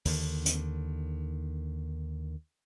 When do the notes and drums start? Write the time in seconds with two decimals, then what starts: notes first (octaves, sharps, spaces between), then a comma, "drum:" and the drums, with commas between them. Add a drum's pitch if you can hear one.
0.05 D#2 D3 D#3, drum: open hi-hat
0.46 drum: hi-hat